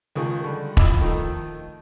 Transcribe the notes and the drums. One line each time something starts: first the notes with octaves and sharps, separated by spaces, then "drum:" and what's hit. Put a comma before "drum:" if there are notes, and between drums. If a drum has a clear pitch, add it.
C#2 D#3 F3 G#4 C#6
D3 G3
E4 F4 D#5 B5 D6 E6, drum: kick E1
D#3 F3 A3 D#4